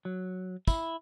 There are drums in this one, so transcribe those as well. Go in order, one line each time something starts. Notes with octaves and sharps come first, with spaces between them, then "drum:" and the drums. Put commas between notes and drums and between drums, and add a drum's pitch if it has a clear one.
F#3
E4, drum: kick, tambourine